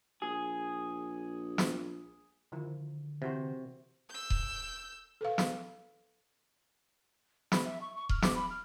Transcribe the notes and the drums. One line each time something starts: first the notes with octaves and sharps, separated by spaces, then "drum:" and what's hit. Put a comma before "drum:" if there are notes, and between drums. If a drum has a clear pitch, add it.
A#1 G#4
drum: snare
D3 D#3 F3 E4
C3 E3 F#4 C5
E6 G6
drum: kick D#1
A4 B4 F5
drum: snare
B5, drum: snare
E5
C#6
C#6
F6, drum: kick D#1
D6, drum: snare
B5
F6